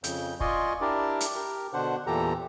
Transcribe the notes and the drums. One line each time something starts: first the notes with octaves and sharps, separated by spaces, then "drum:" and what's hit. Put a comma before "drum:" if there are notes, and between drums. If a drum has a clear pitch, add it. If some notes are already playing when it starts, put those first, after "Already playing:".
F2 C#3 G6, drum: hi-hat
F4 D5 D#5 G#5 C6 C#6, drum: kick
D4 E4 G4 A#4 D5
drum: hi-hat
G4 A#4
B2 D3 D4 C5 F#5
E2 A#2 E3 G4 A4 A#5